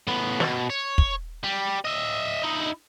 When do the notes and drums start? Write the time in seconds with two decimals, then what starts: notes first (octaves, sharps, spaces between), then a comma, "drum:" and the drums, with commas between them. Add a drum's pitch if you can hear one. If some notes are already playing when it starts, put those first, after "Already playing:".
0.07 A2 B3
0.40 B2, drum: snare
0.70 C#5
0.98 drum: kick
1.44 G3
1.85 D#5 E5
2.43 D#4 E4